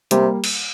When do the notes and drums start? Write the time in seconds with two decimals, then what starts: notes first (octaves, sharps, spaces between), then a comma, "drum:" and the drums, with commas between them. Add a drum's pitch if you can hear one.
0.11 C3 G3 A#3, drum: hi-hat
0.44 drum: cymbal